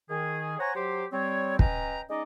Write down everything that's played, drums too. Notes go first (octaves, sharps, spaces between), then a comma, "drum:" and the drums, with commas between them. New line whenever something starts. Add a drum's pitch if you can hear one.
D#3 G#4
C5 C#5 F#5 G#5 A#5 C#6
F#3 G4 C5
G3 C4 C#5
C#4 B4 D#5 G5 A#5, drum: kick
G#3 C#4 D#4 D5 D#5